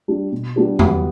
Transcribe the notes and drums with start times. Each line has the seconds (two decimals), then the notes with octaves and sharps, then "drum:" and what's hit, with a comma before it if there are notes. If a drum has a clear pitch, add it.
0.08 G3 D4
0.32 B2
0.56 G3 B3 D4 G4
0.79 F#3 G3 B3, drum: tom E2